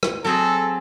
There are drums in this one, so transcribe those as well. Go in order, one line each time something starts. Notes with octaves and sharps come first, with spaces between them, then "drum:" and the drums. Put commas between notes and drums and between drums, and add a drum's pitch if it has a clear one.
drum: rim click
F#3 C4 G#4 A4